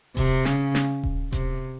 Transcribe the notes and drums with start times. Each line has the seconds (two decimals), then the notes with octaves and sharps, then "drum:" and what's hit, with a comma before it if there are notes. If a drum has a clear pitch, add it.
0.17 C3, drum: kick D#1, open hi-hat
0.45 C#3, drum: snare
0.75 drum: snare
1.03 drum: kick D#1
1.32 C3, drum: kick D#1, hi-hat